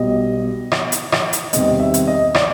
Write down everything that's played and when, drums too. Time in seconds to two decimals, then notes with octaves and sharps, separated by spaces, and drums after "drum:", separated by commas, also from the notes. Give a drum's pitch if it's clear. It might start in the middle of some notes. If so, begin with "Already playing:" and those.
Already playing: B1 B2 G3 D#5
0.72 drum: rim click
0.92 drum: hi-hat
1.12 drum: rim click
1.33 drum: hi-hat
1.53 E2 C3 D#3 G3 D#5, drum: hi-hat
1.80 E5
1.94 drum: hi-hat
2.07 D#5
2.35 D5, drum: rim click